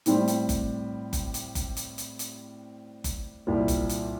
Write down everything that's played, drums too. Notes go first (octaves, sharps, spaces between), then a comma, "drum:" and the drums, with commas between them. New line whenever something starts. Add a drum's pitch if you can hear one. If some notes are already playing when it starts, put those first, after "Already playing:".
A2 G3 C4, drum: hi-hat
drum: hi-hat
drum: kick F#1, hi-hat
drum: kick F#1, hi-hat
drum: hi-hat
drum: kick F#1, hi-hat
drum: hi-hat
drum: hi-hat
drum: hi-hat
drum: kick F#1, hi-hat
C2 A#2 G3
drum: kick F#1, hi-hat
drum: hi-hat